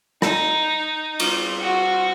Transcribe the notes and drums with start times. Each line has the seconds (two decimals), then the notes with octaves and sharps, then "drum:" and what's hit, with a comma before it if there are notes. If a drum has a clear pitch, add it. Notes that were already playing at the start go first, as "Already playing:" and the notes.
0.22 D#4, drum: rim click
1.20 drum: cymbal
1.61 F#4